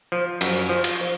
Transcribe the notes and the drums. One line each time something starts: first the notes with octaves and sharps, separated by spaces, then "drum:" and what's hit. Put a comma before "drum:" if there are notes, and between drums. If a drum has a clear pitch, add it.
F3
F#2, drum: cymbal
F3
drum: cymbal